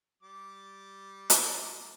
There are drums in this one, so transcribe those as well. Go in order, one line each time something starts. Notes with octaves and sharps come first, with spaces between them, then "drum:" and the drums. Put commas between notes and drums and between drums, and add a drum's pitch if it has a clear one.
G3 D6
drum: hi-hat